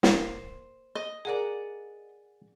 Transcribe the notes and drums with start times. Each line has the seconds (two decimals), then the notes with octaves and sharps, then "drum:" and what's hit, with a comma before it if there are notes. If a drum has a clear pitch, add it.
0.03 A#3 C5, drum: snare
0.95 D#5
1.25 G#4 A#4 D5 F#5 G#5 A#5